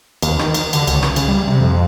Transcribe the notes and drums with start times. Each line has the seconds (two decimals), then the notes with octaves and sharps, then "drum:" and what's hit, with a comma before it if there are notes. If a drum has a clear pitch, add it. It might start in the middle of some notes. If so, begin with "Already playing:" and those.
0.22 D#2, drum: cymbal
0.39 D#3, drum: rim click
0.54 drum: cymbal
0.73 D3, drum: cymbal
0.87 C#2, drum: cymbal
1.02 drum: rim click
1.16 C#3, drum: cymbal
1.28 G3
1.47 C3
1.61 F2